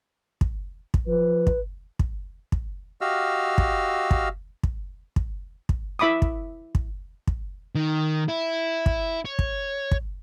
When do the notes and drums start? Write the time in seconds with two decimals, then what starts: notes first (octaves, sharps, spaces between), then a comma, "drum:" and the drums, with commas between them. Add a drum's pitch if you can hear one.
0.41 drum: kick
0.94 drum: kick
1.07 F3 B4
1.47 drum: kick
1.99 drum: kick
2.52 drum: kick
3.01 F#4 G4 D#5 F5 E6 F6
3.58 drum: kick
4.11 drum: kick
4.63 drum: kick
5.16 drum: kick
5.69 drum: kick
5.99 E4 E5 B5 D6 D#6
6.22 drum: kick
6.75 drum: kick
7.27 drum: kick
7.75 D#3
8.29 E4
8.86 drum: kick
9.25 C#5
9.39 drum: kick
9.91 drum: kick